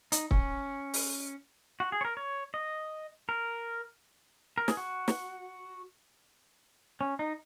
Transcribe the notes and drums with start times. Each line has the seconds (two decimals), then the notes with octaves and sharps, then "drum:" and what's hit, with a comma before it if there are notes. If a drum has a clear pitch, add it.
0.12 D#4, drum: hi-hat
0.31 C#4, drum: kick
0.94 drum: open hi-hat
1.80 F#4
1.92 G#4
2.01 C#5
2.05 A#4
2.17 C#5
2.54 D#5
3.29 A#4
4.58 A#4
4.68 G#4, drum: snare
4.77 F#4
5.08 drum: snare
7.01 C#4
7.19 D#4